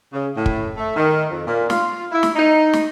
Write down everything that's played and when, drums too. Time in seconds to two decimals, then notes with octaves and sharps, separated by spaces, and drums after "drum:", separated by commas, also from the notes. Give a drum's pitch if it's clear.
0.12 C#3
0.36 A2
0.46 drum: kick
0.77 A3
0.96 D#3
1.30 F2
1.47 A#2
1.70 F4, drum: snare
2.12 E4
2.23 drum: snare
2.35 D#4
2.73 drum: snare